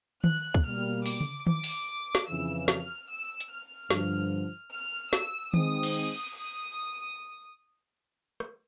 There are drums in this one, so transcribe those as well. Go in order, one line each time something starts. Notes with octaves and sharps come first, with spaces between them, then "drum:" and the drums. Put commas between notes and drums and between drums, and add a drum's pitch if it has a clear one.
F#6, drum: tom D#3
drum: kick
B2 G3 A#3 F6
D6, drum: open hi-hat
drum: tom C#3
D6, drum: tom D#3
drum: open hi-hat
drum: snare
F2 C#3 E3 E6
F6, drum: snare
E6
drum: hi-hat
F6
G2 D3 F3, drum: snare
F6
E6, drum: snare
D#3 G#3 C4 D#4 D#6, drum: tom D#3
drum: cymbal
D#6
drum: rim click